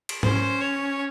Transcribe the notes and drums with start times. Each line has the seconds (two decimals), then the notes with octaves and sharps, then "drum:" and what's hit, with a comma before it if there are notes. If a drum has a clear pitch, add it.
0.09 drum: cymbal
0.23 C#4 C5, drum: tom G#2
0.61 C#5